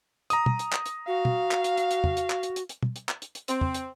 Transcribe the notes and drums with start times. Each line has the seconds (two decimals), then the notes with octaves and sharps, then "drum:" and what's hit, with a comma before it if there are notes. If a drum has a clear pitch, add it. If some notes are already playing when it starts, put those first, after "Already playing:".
0.30 A#5 D#6, drum: hi-hat
0.46 drum: tom
0.59 drum: hi-hat
0.72 drum: clap
0.86 drum: hi-hat
1.08 F#4 F5
1.25 drum: tom
1.51 drum: clap
1.64 drum: hi-hat
1.78 drum: hi-hat
1.91 drum: hi-hat
2.04 drum: tom E2
2.17 drum: hi-hat
2.30 drum: clap
2.43 drum: hi-hat
2.56 drum: hi-hat
2.69 drum: hi-hat
2.83 drum: tom
2.96 drum: hi-hat
3.09 drum: clap
3.22 drum: hi-hat
3.35 drum: hi-hat
3.48 C4, drum: hi-hat
3.61 drum: tom E2
3.74 drum: hi-hat